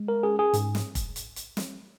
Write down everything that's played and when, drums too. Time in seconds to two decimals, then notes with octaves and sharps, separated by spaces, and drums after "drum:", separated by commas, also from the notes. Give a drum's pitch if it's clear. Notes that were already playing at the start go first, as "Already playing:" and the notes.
Already playing: G#3
0.08 A#4
0.23 C#4 G#4
0.39 G#4
0.53 G#2, drum: hi-hat
0.75 drum: snare
0.95 drum: kick F1, hi-hat
1.16 drum: hi-hat
1.36 drum: hi-hat
1.57 drum: snare